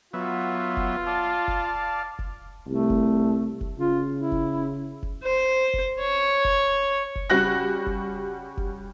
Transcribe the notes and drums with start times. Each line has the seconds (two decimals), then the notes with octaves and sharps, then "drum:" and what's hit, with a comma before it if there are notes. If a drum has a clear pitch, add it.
0.14 F#3 B3 F4 E5
0.77 drum: kick F1
1.07 D5 F5 A5
1.48 drum: kick F1
2.19 drum: kick F1
2.68 C2 A3
2.90 drum: kick F1
3.61 drum: kick F1
3.78 C#3 F4
4.15 E4
4.32 drum: kick F1
5.03 drum: kick F1
5.23 C5
5.74 drum: kick F1
6.00 C#5
6.45 drum: kick F1
7.16 drum: kick F1
7.30 C#3 G3 F#4 F#6 A#6
7.86 drum: kick F1
8.57 drum: kick F1